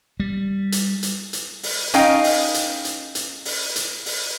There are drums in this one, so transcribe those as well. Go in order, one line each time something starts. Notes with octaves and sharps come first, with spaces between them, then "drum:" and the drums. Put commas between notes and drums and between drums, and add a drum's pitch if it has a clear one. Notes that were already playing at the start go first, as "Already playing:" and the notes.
G3
drum: hi-hat
drum: hi-hat
drum: hi-hat
drum: open hi-hat
C#4 D#4 D#5 F5 G5, drum: hi-hat
drum: open hi-hat
drum: hi-hat
drum: hi-hat
drum: hi-hat
drum: open hi-hat
drum: hi-hat
drum: open hi-hat